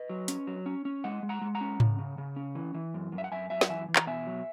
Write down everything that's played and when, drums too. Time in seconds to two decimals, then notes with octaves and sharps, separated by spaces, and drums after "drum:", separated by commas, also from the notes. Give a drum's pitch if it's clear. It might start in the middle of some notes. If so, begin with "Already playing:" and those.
Already playing: B4 D#5
0.10 F#3
0.28 C#4, drum: hi-hat
0.47 F#3
0.66 C#4
0.85 C#4
1.04 G#3 D#5 F#5
1.23 G#3
1.29 F#5 A#5
1.41 G#3
1.55 F#5 A#5
1.61 C#4
1.80 C#3, drum: tom G#2
1.99 C#3
2.18 C#3
2.36 C#4
2.55 E3
2.74 E3
2.94 F#2
3.12 F#2
3.18 E5
3.24 F#5
3.32 F#2 E5 G#5
3.50 F#2 E5 G#5
3.61 F#5, drum: snare
3.69 E3 E5 G#5
3.88 E3
3.96 A#5, drum: clap
4.07 B2 E5 G#5
4.26 F#3